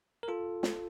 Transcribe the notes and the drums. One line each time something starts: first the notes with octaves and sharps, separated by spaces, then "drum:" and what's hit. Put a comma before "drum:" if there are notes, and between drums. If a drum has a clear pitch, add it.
A#4
F4 A4
drum: snare